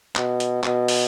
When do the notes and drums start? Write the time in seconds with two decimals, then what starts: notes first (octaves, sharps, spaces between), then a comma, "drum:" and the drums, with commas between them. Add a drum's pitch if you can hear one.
0.16 B2, drum: clap
0.40 drum: hi-hat
0.64 B2, drum: clap
0.88 drum: open hi-hat